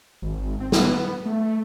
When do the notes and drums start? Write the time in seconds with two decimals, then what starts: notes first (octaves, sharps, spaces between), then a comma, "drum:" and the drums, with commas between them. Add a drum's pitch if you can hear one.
0.22 G#1
0.60 C4
0.72 B3, drum: snare
1.26 A3